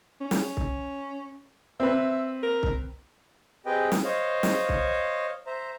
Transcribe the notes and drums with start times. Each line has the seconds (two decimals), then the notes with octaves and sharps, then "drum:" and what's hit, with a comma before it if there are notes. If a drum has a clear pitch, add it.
0.21 C#4
0.31 drum: snare
0.57 drum: kick C2
1.80 C4 B4 E5
2.43 A#4
2.63 drum: kick C2
3.66 C4 G4 G#4 B4 D#5 G5
3.92 drum: snare
4.04 C5 C#5 D#5 F5
4.43 drum: snare
4.69 drum: kick C2
5.47 C5 E5 A#5